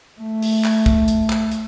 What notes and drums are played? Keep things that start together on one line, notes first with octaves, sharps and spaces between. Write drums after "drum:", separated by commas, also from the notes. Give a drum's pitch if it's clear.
A3
drum: open hi-hat
drum: clap
drum: kick, hi-hat
drum: hi-hat
drum: clap
drum: hi-hat